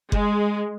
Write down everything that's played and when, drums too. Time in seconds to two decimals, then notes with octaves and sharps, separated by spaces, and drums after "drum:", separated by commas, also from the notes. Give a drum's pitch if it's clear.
0.12 G#3, drum: kick F#1